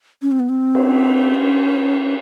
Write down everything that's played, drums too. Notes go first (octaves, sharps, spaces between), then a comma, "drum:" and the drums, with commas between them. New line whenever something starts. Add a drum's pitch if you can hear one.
C#4
C4
B3
C4
drum: cymbal
C#4